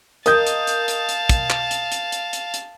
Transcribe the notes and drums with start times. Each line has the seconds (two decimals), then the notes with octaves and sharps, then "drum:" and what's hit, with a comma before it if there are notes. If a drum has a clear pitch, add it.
0.26 A#4 D#5 F5 A5 D#6 G6, drum: hi-hat
0.47 drum: hi-hat
0.67 drum: hi-hat
0.88 drum: hi-hat
1.09 drum: hi-hat
1.29 drum: kick, hi-hat
1.50 drum: clap
1.71 drum: hi-hat
1.92 drum: hi-hat
2.12 drum: hi-hat
2.33 drum: hi-hat
2.54 drum: hi-hat